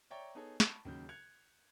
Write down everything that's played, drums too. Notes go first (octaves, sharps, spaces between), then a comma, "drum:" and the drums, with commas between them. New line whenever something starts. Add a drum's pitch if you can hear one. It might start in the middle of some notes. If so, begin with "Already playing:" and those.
C#5 D5 E5 G5 A#5 C#6
B3 D#4 G#4 A4 C#5
A5 B5 C#6, drum: snare
D#2 C#3 F#3 G6
F#6 G#6 C#7 F7